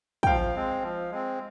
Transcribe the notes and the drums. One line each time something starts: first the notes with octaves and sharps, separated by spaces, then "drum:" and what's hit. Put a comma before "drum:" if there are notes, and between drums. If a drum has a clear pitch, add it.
G5, drum: kick
F3 F5
G#3 C4
F3
G#3 C4